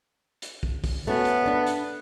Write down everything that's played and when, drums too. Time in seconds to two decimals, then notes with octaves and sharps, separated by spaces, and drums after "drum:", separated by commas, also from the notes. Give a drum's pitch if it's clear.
0.42 drum: hi-hat
0.63 drum: kick
0.84 drum: kick, open hi-hat
1.07 A3 B3 C#4 F#4
1.25 drum: hi-hat
1.46 D4 B4
1.67 drum: hi-hat